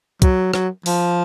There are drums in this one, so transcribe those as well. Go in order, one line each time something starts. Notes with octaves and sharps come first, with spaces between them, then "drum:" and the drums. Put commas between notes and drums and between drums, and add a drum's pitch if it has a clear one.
F#3, drum: kick, hi-hat
F#3, drum: rim click
F3, drum: open hi-hat